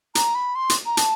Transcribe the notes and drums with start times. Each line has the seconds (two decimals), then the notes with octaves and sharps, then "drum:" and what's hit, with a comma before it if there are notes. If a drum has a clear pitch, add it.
0.15 A#5, drum: hi-hat
0.35 B5
0.55 C6
0.70 drum: hi-hat
0.86 A#5
0.97 A5, drum: hi-hat